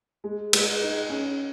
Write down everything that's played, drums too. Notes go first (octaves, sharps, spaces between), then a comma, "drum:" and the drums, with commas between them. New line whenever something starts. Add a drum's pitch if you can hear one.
G#3
G#3, drum: cymbal
D#4
C#4